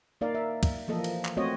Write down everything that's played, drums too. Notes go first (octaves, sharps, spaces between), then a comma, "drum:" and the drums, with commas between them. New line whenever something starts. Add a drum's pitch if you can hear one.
A#3 D#4 A#4 D5 F5
E5
drum: kick, cymbal
E3 F3 A#3 A4 D#5
drum: cymbal
drum: clap
A3 C4 F#4 C5 C#5 D#5